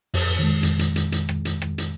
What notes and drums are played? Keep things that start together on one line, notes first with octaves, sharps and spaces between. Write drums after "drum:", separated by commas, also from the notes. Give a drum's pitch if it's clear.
F2, drum: open hi-hat
D#3 G#3
F2, drum: hi-hat
drum: hi-hat
drum: hi-hat
drum: hi-hat
drum: rim click
drum: hi-hat
drum: rim click
drum: hi-hat